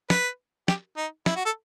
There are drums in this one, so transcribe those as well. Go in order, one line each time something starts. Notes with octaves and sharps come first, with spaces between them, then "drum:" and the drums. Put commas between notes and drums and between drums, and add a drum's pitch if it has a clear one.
B4, drum: snare
G4, drum: snare
D#4
E4, drum: snare
F#4
A4